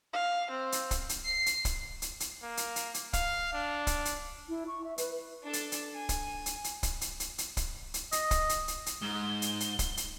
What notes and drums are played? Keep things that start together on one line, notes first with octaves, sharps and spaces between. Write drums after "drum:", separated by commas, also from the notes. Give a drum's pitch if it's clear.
F5
C4
drum: hi-hat
drum: kick, hi-hat
drum: hi-hat
C7
drum: hi-hat
drum: kick, hi-hat
drum: hi-hat
drum: hi-hat
A#3
drum: hi-hat
drum: hi-hat
drum: hi-hat
F5, drum: kick, hi-hat
D4
drum: kick, hi-hat
drum: hi-hat
E4
C#6
E5
B4, drum: hi-hat
D4 A4
drum: hi-hat
drum: hi-hat
G#5
drum: kick, hi-hat
drum: hi-hat
drum: hi-hat
drum: kick, hi-hat
drum: hi-hat
drum: hi-hat
drum: hi-hat
drum: kick, hi-hat
drum: hi-hat
D#5, drum: hi-hat
drum: kick, hi-hat
drum: hi-hat
drum: hi-hat
drum: hi-hat
G#2 G7
drum: hi-hat
drum: hi-hat
drum: kick, hi-hat
drum: hi-hat